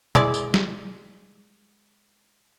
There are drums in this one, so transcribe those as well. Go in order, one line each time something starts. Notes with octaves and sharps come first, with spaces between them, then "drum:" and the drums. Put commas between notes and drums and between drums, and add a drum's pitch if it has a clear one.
G#3 E4 D5, drum: tom
drum: tambourine
drum: snare